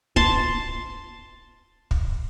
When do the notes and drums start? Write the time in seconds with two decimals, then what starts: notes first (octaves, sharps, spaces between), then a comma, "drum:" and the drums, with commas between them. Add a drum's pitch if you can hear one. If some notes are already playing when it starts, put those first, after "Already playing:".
0.16 A5 C6, drum: kick
1.91 drum: kick